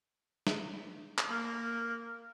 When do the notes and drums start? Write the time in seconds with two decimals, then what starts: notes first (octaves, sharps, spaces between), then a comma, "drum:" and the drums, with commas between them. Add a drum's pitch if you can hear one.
0.47 drum: snare
1.18 drum: clap
1.28 A#3 A#4